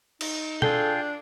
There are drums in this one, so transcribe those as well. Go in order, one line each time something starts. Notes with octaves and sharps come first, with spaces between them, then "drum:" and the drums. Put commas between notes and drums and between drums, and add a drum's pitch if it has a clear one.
D#4, drum: cymbal
D4 F4 G#4 A4 G5, drum: tom B2